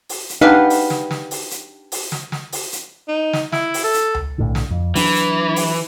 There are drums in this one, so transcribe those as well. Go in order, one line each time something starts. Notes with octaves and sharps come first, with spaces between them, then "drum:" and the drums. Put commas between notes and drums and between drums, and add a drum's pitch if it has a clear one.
drum: open hi-hat
drum: hi-hat
D4 D#4 G4 G#4 B4 F5 F#5
drum: open hi-hat
drum: snare
drum: snare
drum: open hi-hat
drum: hi-hat
drum: open hi-hat
drum: snare
drum: snare
drum: open hi-hat
drum: hi-hat
D#4
drum: snare
E4, drum: snare
drum: open hi-hat
A4
drum: hi-hat
drum: tom C#2
B1 A2 D3
drum: snare
F2
E3 F#3 D4, drum: open hi-hat
drum: hi-hat
drum: open hi-hat